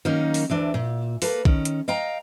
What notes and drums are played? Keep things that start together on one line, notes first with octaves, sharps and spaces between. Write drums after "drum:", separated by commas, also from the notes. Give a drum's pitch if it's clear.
D#3 F#3 A#3 C#4 D#4
drum: open hi-hat
D2 E3 D4
A#2
A#3 A4 B4, drum: open hi-hat
D#3 C#4, drum: kick
drum: hi-hat
D#5 F5 G5 A#5